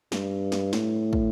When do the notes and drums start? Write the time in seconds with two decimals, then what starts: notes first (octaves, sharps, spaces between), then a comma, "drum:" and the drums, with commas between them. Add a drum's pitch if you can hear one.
0.12 G2, drum: snare
0.52 drum: snare
0.73 A2, drum: snare
1.13 drum: kick